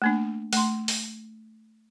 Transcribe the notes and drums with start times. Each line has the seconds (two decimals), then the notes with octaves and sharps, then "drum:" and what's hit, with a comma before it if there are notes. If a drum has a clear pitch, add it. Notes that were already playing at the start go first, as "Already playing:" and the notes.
0.02 A3 A#3 D4
0.53 A3 C6, drum: open hi-hat
0.88 drum: open hi-hat